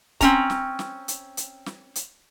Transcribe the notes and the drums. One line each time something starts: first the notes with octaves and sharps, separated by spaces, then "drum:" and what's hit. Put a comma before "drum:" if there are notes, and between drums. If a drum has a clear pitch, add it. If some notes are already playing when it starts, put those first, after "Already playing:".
C4 C#4 A#5, drum: kick C#1, hi-hat
drum: snare
drum: snare
drum: hi-hat
drum: hi-hat
drum: snare
drum: hi-hat